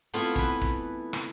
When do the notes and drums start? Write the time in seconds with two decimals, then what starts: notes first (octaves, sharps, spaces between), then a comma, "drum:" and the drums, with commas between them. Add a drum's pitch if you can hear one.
0.14 A3 B3 C4 E4 F4
0.36 E3 B4, drum: kick
0.61 drum: kick
1.13 drum: rim click